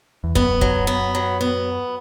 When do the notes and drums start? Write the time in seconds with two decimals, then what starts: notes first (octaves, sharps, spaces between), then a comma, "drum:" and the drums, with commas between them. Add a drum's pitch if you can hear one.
0.24 E2
0.35 F#2 B3, drum: kick
0.61 F#3, drum: kick
0.87 B3
1.15 F#3
1.41 B3